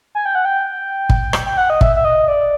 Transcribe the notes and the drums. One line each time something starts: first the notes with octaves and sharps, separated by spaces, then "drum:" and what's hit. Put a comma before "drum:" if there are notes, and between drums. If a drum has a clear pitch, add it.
G#5
G5
F#5
G5
drum: kick
drum: rim click
G5
F#5
D#5
E5, drum: kick
E5
D#5
D5